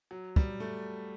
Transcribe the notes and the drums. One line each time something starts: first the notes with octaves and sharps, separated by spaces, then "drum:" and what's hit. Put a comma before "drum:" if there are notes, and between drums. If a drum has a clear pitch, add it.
F#3
G3, drum: kick
A3